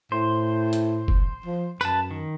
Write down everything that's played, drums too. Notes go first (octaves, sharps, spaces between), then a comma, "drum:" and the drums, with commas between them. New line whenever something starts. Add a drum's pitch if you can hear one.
A2 C5
drum: hi-hat
drum: kick
F3
F#2 B4 A5, drum: tambourine
D#3